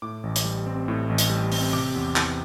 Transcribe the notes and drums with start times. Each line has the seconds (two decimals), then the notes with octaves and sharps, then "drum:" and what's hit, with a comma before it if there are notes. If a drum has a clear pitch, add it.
0.02 A2 D6
0.23 A1
0.36 drum: hi-hat
0.45 G3
0.66 C4
0.88 A2
1.09 A1
1.18 drum: hi-hat
1.30 G3
1.52 C4, drum: open hi-hat
1.73 C3 D6
1.95 E2
2.16 E3, drum: clap